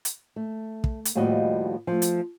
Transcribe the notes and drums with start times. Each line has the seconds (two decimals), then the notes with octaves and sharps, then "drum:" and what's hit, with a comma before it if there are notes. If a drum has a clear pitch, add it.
0.05 drum: hi-hat
0.36 A3
0.84 drum: kick
1.05 drum: hi-hat
1.15 D#2 A2 F3 G3 F#4 D#5
1.87 F3 A3
2.02 drum: hi-hat